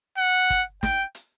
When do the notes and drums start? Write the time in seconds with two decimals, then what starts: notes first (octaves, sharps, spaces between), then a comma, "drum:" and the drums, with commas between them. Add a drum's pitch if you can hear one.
0.18 F#5
0.50 drum: kick, hi-hat
0.83 G5, drum: snare
1.15 drum: hi-hat